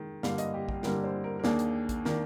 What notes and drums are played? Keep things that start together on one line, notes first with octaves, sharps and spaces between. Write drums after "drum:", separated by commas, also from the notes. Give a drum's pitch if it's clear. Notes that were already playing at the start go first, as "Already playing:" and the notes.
Already playing: D#3 G#3
G2 D3 G3 A#3 F5, drum: snare
D#5, drum: hi-hat
G4
G4, drum: kick A#1
G2 D3 G3 A#3 A#4, drum: snare
C5
A#4
A#4
D#2 D#3 A#3 D4 G#4, drum: snare
drum: hi-hat
drum: kick A#1, hi-hat
D#3 A#3 D4, drum: snare